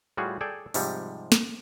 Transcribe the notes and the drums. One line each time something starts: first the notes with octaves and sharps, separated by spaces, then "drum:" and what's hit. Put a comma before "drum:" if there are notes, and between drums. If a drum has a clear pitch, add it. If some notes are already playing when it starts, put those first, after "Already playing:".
A2 G3 F4 F#4 G#4
G#4 A4 D5 G5 G#5
G#2 C3 F3 G3, drum: open hi-hat
drum: snare